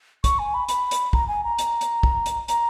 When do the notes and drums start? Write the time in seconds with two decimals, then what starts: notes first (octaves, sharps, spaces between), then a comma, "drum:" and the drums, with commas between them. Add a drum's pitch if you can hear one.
0.24 C#6, drum: kick, hi-hat
0.39 G#5
0.54 B5
0.69 B5, drum: hi-hat
0.91 drum: hi-hat
1.13 A#5, drum: kick
1.28 G#5
1.44 A#5
1.59 drum: hi-hat
1.81 drum: hi-hat
2.03 drum: kick
2.26 drum: hi-hat
2.48 A#5, drum: hi-hat